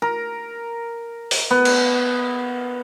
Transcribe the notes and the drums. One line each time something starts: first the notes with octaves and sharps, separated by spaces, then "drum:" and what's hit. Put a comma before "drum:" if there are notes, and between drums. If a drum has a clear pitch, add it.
A#4
drum: open hi-hat
B3
drum: cymbal